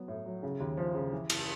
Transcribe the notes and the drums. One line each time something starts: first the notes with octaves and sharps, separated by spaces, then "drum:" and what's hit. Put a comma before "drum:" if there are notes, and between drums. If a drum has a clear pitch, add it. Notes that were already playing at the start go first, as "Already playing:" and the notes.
Already playing: F#3 B3
A2
F#3
C#3
D#2
F3
C#3
E3
F#1, drum: cymbal